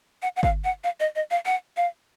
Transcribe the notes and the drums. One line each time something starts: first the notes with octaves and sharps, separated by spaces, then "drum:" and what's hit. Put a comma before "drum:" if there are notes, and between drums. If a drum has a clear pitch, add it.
F#5
F#5
F5, drum: kick G1
F#5
F5
D#5
D#5
F5
F#5
F5